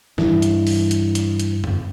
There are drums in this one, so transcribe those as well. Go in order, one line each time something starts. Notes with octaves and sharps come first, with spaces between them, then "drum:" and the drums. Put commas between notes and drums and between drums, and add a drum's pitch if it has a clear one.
G2 E3, drum: snare
drum: hi-hat
drum: open hi-hat
drum: hi-hat
drum: hi-hat
drum: hi-hat
drum: tom F#2